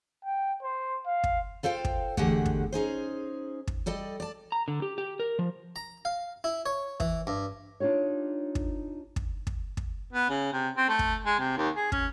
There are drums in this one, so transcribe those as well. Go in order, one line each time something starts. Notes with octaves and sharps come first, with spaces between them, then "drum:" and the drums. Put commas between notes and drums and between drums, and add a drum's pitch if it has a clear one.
G5
C5
F5
drum: kick
F4 A4 C5 F5 G5
drum: kick
E2 D3 G#3 A3 G4 F#5, drum: kick
drum: kick
C#4 D#4 G#4 C5
drum: kick
G3 A4 D5 D#5
D5 A5
A#5
D3
G4
G4
A#4
F3
A#5
F5
E4
C#5
E3, drum: kick
G2
D4 D#4 F4 G4 C#5
drum: kick
drum: kick
drum: kick
drum: kick
B3
C#3
C3
C4
A3
drum: kick
G#3
C3
D#2
G#4
C#4, drum: kick